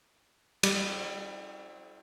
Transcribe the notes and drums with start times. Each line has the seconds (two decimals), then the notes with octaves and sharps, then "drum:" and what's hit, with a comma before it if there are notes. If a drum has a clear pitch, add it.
0.63 G3, drum: cymbal